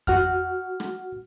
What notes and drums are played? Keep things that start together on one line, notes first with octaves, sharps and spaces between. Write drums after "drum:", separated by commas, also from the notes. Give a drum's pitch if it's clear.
F#4 F#5 F6, drum: kick F2
drum: rim click